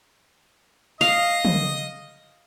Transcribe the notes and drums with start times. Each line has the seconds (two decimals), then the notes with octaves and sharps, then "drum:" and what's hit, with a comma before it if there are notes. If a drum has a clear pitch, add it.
1.01 D#5 F5, drum: tambourine
1.45 drum: tom